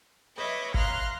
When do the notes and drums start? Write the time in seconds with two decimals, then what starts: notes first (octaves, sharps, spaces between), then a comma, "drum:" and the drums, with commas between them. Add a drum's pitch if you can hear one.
0.36 B4 C#5 D#5 E5 D6
0.74 F5 A#5 C6 F6 F#6, drum: kick G#1